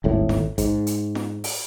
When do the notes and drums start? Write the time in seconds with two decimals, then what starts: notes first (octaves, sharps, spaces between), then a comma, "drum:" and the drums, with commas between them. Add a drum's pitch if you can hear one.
0.04 D#1 G#1 A2
0.29 drum: snare
0.58 G#2, drum: kick A1, hi-hat
0.87 drum: hi-hat
1.15 drum: snare
1.44 drum: open hi-hat